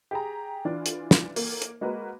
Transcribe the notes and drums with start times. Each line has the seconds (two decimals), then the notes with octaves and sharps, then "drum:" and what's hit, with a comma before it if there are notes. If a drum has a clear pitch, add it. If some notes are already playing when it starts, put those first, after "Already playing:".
0.11 G4 G#4 A#5
0.65 E3 D4 F4
0.86 drum: hi-hat
1.11 drum: snare
1.36 A#3, drum: open hi-hat
1.62 drum: hi-hat
1.81 G#3 A#3 F#4 A#4 B4